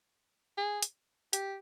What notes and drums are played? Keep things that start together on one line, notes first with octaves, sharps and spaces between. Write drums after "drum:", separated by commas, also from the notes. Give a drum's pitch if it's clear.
G#4
drum: hi-hat
G4, drum: hi-hat